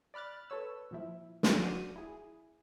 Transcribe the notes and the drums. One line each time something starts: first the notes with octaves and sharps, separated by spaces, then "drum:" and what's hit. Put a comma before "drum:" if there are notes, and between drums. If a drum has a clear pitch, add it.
D5 B5 F6 F#6 A6
A4 B4 C#5 E6
A#2 F3 E4
drum: snare
F#4 D5 D#7
E4 G#4